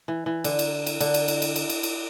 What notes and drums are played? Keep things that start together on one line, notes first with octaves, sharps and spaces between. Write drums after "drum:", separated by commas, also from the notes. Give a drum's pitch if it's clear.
E3
E3
D3, drum: cymbal
drum: cymbal
drum: cymbal
D3, drum: cymbal
drum: cymbal
drum: cymbal
drum: cymbal
drum: cymbal
drum: cymbal
drum: cymbal